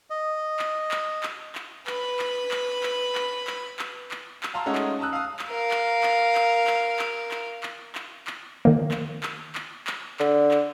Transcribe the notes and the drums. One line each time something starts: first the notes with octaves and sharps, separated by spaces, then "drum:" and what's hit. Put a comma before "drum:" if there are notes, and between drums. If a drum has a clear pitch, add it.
D#5
drum: clap
drum: clap
drum: clap
drum: clap
B4 B5, drum: clap
drum: clap
drum: clap
drum: clap
drum: clap
drum: clap
drum: clap
drum: clap
drum: clap
F5 A5 A#5 C6 E6
G#3 A3 C#4 D#4 F#4
drum: clap
A5 A#5 D#6 E6 F#6
F5 A5 D#6
drum: clap
A#4 F5
drum: clap
drum: clap
drum: clap
drum: clap
drum: clap
drum: clap
drum: clap
drum: clap
drum: clap
D#3 A#3
drum: clap
drum: clap
drum: clap
drum: clap
D3, drum: clap
drum: clap